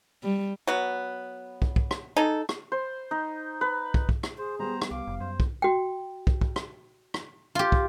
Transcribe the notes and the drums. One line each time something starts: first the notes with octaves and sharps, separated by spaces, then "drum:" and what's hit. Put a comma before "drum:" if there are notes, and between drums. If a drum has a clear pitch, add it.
G3
F#3 B3
drum: kick
drum: kick
drum: rim click
G#3 D#4 A4
drum: rim click
C5
D#4
B4
drum: kick
drum: kick
drum: rim click
G#4 C5
G3 B3 C5 A#5
drum: rim click
C2 F5 D6
F1
F#2 C5
drum: kick
F#4 G5
drum: kick
drum: kick
drum: rim click
drum: rim click
F4 G4
drum: kick